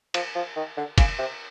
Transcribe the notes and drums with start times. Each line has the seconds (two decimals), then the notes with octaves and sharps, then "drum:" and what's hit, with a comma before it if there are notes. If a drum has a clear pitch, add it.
0.14 F3, drum: cymbal
0.35 F3
0.56 D#3
0.77 D3
0.98 C#3, drum: kick, cymbal
1.19 C3